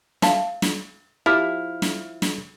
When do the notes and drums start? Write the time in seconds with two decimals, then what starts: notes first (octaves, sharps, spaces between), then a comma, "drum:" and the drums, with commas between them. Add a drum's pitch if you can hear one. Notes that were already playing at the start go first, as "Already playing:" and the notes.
0.22 E5 F5 A5, drum: snare
0.62 drum: snare
1.26 F3 E4 G4 F6 F7
1.82 drum: snare
2.22 drum: snare